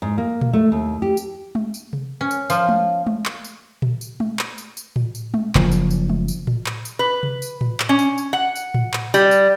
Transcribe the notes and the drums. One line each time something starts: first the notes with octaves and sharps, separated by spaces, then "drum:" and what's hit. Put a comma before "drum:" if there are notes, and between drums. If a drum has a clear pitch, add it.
G#2
A#3
drum: tom A#2
A3
D#2
G4
drum: tambourine
drum: tom G#3
drum: tambourine
drum: tom C3
C#4
drum: tambourine
F3, drum: tambourine
drum: tom G#3
drum: tom G#3
drum: clap
drum: tambourine
drum: tom A#2
drum: tambourine
drum: tom G#3
drum: clap
drum: tambourine
drum: tambourine
drum: tom A2
drum: tambourine
drum: tom G#3
F#1 F3, drum: clap
drum: tambourine
drum: tambourine
drum: tom G#3
drum: tambourine
drum: tom A2
drum: clap
drum: tambourine
B4
drum: tom C3
drum: tambourine
drum: tom A2
drum: clap
C#4
drum: tambourine
drum: tambourine
F#5
drum: tambourine
drum: tom A2
drum: clap
G3, drum: tambourine
drum: tambourine